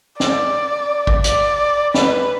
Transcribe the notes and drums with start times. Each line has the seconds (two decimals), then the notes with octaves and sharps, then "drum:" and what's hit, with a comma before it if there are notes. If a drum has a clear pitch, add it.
0.20 D5, drum: snare
1.07 drum: kick
1.24 D5, drum: hi-hat
1.94 B4, drum: snare